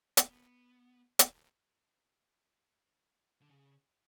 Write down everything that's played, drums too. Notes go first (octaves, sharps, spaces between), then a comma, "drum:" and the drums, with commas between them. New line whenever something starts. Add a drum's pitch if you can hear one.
drum: hi-hat
B3
drum: hi-hat
D3
C#3